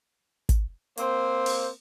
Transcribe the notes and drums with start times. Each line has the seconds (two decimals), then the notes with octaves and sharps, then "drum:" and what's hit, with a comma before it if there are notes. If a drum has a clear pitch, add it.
0.49 drum: kick, hi-hat
0.97 A#3 C4 C5, drum: hi-hat
1.46 drum: open hi-hat